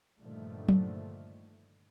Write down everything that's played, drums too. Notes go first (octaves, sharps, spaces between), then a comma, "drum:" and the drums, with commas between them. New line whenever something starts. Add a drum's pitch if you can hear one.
G2 A#2 D3 D#3 F3 A3
drum: tom F#3